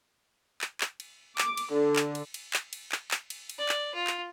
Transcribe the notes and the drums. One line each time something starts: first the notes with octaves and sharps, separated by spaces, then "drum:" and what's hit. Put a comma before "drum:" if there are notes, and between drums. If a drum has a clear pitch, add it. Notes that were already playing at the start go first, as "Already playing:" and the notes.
drum: clap
drum: clap
drum: cymbal
D6, drum: clap
drum: cymbal
D3
drum: clap
drum: cymbal
drum: cymbal
drum: clap
drum: cymbal
drum: clap
drum: clap
drum: cymbal
drum: cymbal
D5
drum: clap
F4
drum: clap